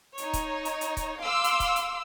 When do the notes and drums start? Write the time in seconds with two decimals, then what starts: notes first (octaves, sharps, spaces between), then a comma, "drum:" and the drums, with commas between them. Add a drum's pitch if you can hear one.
0.18 D#4 C#5, drum: hi-hat
0.33 drum: kick C#1, hi-hat
0.65 drum: hi-hat
0.81 drum: hi-hat
0.97 drum: kick C#1, hi-hat
1.20 F5 C6 D6 E6
1.44 drum: hi-hat
1.60 drum: kick C#1, hi-hat
1.76 drum: hi-hat